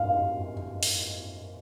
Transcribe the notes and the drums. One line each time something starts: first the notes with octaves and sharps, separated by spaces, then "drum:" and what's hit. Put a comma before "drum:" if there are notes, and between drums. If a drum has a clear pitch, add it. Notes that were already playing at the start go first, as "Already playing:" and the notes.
Already playing: F5
drum: open hi-hat